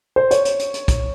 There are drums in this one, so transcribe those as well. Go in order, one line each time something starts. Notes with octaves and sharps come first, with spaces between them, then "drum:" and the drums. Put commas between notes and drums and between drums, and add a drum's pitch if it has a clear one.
C5
C#5, drum: hi-hat
drum: hi-hat
drum: hi-hat
drum: hi-hat
drum: kick, hi-hat